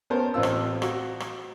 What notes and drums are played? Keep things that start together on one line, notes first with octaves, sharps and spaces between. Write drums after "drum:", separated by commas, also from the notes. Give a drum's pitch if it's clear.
B3 C#4 A#4 C5 A5
A1 C4 F4 E6
drum: rim click
F#4, drum: rim click
drum: rim click